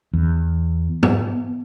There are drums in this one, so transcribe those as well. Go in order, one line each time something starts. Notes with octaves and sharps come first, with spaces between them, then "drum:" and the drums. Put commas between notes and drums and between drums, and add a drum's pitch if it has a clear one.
E2
B3, drum: tom G#2